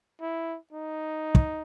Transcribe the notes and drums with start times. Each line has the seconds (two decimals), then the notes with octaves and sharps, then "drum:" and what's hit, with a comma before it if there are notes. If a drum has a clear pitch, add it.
0.21 E4
0.72 D#4
1.35 drum: kick